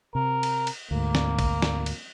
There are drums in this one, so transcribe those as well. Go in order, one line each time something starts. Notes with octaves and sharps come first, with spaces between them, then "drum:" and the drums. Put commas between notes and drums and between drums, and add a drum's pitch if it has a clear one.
C3 A#4
drum: cymbal
drum: cymbal
D2 G#2 A#3
drum: snare
drum: kick A1, cymbal
drum: snare
drum: cymbal